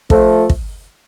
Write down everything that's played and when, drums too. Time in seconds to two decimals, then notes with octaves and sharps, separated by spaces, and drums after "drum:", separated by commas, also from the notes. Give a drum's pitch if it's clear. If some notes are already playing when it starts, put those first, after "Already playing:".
0.10 F3 A3, drum: kick
0.50 drum: kick